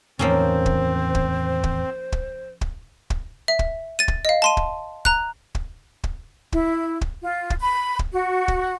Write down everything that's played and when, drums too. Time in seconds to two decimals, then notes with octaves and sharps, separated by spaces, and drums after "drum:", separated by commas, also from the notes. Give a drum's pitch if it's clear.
0.19 E2 A2 D#3 F3 A#3 C4 C#4 C5
0.66 drum: kick
1.15 drum: kick
1.63 drum: kick
2.12 drum: kick
2.61 drum: kick
3.10 drum: kick
3.48 E5
3.59 drum: kick
3.99 A6 D#7
4.08 drum: kick
4.25 D#5 F5
4.42 A5 C6 D#7
4.57 drum: kick
5.05 A#5 F#6, drum: kick
5.55 drum: kick
6.04 drum: kick
6.52 E4, drum: kick
7.01 drum: kick
7.22 F4
7.50 drum: kick
7.59 B5
7.99 drum: kick
8.12 F#4
8.48 drum: kick